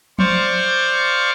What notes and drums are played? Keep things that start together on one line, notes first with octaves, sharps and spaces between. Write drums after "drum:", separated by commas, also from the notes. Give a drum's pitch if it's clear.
C5 D5 F5 C#6, drum: tom F3